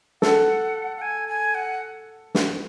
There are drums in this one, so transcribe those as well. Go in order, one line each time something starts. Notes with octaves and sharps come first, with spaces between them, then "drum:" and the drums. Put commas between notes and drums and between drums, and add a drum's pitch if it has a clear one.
A4 F#5, drum: snare
F#5
G#5
G#5
F#5
drum: snare